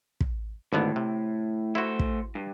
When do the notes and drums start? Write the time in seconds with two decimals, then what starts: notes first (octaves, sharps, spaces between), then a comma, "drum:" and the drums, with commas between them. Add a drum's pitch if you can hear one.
0.21 drum: kick
0.73 G#1 A2 D3 B3
0.96 C3
1.75 A3 E4 F#4 C5
1.99 drum: kick
2.35 G2